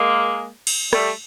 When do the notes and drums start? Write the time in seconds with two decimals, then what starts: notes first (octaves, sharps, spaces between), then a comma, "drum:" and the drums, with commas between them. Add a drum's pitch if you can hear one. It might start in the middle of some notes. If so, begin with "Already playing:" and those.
Already playing: G#3 A#3
0.67 drum: cymbal
0.93 G3 A3, drum: rim click